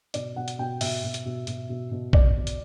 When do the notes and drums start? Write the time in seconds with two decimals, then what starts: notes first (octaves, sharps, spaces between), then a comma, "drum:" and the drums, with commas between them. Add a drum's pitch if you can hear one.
0.14 B2 D5, drum: hi-hat
0.36 B2 F#5
0.48 drum: hi-hat
0.59 B2 G5
0.81 B2 E5, drum: open hi-hat
1.03 B2
1.14 drum: hi-hat
1.25 B2
1.47 B2, drum: hi-hat
1.69 B2
1.91 B2
2.13 B2 D5, drum: kick A#1
2.36 B2
2.47 drum: hi-hat